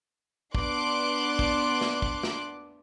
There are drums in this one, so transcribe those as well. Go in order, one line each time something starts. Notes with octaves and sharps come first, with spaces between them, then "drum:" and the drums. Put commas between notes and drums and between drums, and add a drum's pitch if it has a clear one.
B3 D4 C6 D6 F#6, drum: kick
drum: kick
drum: snare
drum: kick
drum: snare